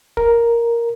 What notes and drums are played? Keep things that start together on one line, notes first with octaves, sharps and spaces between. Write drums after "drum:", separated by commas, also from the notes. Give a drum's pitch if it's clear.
A#4, drum: kick